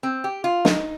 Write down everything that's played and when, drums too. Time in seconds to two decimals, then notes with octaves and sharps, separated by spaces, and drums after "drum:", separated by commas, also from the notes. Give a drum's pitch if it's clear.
0.03 C4
0.24 G4
0.44 F4
0.65 D#4, drum: snare